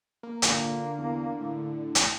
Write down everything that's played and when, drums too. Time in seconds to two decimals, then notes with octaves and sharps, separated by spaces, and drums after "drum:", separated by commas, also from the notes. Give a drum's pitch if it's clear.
0.23 A#3
0.42 A#2 D3 A#3, drum: hi-hat
0.98 E2
1.40 A2
1.95 drum: hi-hat